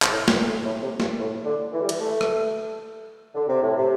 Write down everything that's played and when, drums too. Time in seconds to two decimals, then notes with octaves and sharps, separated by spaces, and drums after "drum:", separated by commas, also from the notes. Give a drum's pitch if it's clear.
0.02 C3, drum: clap
0.10 A2
0.28 G2, drum: snare
0.46 A2
0.64 A2
0.82 C3
1.00 G2, drum: snare
1.18 A2
1.45 D3
1.72 E3
1.81 G3
1.89 E3, drum: cymbal
1.99 A3
2.21 drum: rim click
3.34 D3
3.48 C3
3.61 A2
3.76 C3